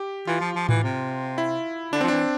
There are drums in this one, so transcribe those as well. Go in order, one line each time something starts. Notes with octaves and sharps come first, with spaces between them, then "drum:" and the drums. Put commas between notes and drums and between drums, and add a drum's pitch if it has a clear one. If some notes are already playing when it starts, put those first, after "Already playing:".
Already playing: G4
E3 F4
F3
F3
E3, drum: tom A2
C3
E4
D3 D4
F3 C4
E3 D4